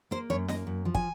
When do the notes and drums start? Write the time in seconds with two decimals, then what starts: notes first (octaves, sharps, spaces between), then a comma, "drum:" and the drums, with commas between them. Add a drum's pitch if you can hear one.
0.11 A#3 C5
0.30 F#2 C#5
0.48 A#3 D#5, drum: snare
0.67 F#2
0.85 F3
0.95 G#5, drum: kick